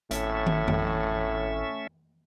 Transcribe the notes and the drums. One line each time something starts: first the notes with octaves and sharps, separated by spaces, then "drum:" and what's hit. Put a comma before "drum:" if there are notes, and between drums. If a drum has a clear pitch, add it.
G#1 A2 A3 C#4 E5, drum: hi-hat
drum: tom
drum: tom F2